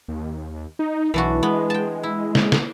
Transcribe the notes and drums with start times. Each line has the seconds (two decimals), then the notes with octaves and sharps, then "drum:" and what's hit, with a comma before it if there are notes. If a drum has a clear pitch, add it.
0.08 D#2
0.79 D#4
1.14 B1 E3 D4 F#4
1.43 G#3 B3
1.70 G5 A5
2.03 E4
2.35 drum: snare
2.52 drum: snare